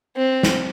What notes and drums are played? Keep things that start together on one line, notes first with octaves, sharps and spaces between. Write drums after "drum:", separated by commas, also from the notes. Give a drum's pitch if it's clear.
C4
drum: snare